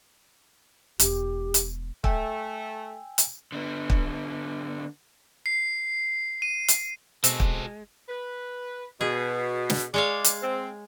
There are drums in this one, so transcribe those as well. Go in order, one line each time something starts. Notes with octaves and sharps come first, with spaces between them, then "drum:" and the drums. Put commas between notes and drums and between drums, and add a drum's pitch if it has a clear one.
E1 G4, drum: hi-hat
drum: hi-hat
A3 G5 G#5 E6, drum: kick
drum: hi-hat
D3 B3
drum: kick
C7
D#7
drum: hi-hat
B2 G#3 C4 F#4 A4, drum: hi-hat
drum: kick
B4
B2 G#4
drum: snare
G#3 C#5 D5 F5
drum: hi-hat
C4